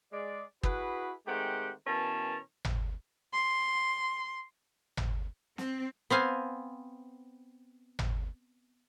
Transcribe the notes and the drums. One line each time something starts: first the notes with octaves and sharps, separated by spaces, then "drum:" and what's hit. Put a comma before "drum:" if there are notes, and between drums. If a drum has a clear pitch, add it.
G#3 D5
E4 F#4 G#4 B4, drum: kick
D#3 G#3 A3 C4 G4 F#5
B2 E3 C#4 A#4 A5
drum: tom G#1
C6
drum: tom G#1
C4, drum: snare
B3 C4 F5 G#5
drum: tom G#1